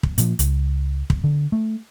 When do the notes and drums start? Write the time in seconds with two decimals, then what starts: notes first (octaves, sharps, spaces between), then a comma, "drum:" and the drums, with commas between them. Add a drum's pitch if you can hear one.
0.03 drum: kick
0.18 A#2 F3, drum: hi-hat
0.39 C#2, drum: hi-hat
1.10 drum: kick
1.24 D3
1.52 A3